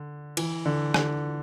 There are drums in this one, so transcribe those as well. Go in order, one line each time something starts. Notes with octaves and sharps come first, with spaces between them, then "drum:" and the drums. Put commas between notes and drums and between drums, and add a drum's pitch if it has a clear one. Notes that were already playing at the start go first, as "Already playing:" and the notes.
Already playing: D3
E3, drum: cymbal
D3
D3, drum: rim click